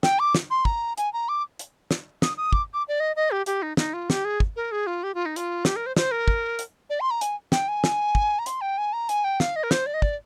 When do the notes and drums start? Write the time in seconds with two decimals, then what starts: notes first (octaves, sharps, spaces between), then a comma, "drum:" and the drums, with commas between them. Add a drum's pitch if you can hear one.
0.03 G5, drum: snare
0.19 D6
0.35 drum: snare
0.50 C6
0.65 A#5, drum: kick
0.98 G#5, drum: hi-hat
1.13 A#5
1.29 D6
1.59 drum: hi-hat
1.91 drum: snare
2.22 D#6, drum: snare
2.37 D#6
2.53 D6, drum: kick
2.73 D6
2.88 D5
3.00 D#5
3.16 D#5
3.31 G4
3.46 G4, drum: hi-hat
3.62 D#4
3.77 D#4, drum: snare
3.94 F4
4.10 G4, drum: snare
4.25 G#4
4.40 drum: kick
4.56 A#4
4.72 G#4
4.87 F4
5.03 G4
5.14 F4
5.26 D#4
5.36 F4, drum: hi-hat
5.65 G4, drum: snare
5.76 A#4
5.86 C5
5.96 C5, drum: snare
6.11 A#4
6.28 drum: kick
6.59 drum: hi-hat
6.90 D5
7.00 C6
7.11 A#5
7.21 G#5, drum: hi-hat
7.52 G5, drum: snare
7.68 G#5
7.84 drum: snare
8.15 drum: kick
8.39 A#5
8.46 C6, drum: hi-hat
8.61 G5
8.78 G#5
8.93 A#5
9.09 G#5, drum: hi-hat
9.24 G5
9.40 F5, drum: snare
9.56 D#5
9.63 A#4
9.71 C5, drum: snare
9.86 D5
9.94 D#5
10.02 D5, drum: kick